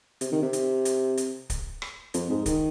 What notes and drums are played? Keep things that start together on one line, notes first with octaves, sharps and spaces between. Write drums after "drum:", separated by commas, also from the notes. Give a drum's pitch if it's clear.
C3, drum: hi-hat
D#3
C3
drum: hi-hat
drum: hi-hat
drum: hi-hat
drum: kick D1, hi-hat
drum: rim click
F2, drum: hi-hat
G#2
D#3, drum: kick D1, hi-hat